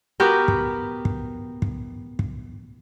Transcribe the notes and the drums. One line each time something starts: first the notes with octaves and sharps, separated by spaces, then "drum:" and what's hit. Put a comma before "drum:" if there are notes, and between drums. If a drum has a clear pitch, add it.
B3 F#4 G4 A#4
drum: kick
drum: kick
drum: kick
drum: kick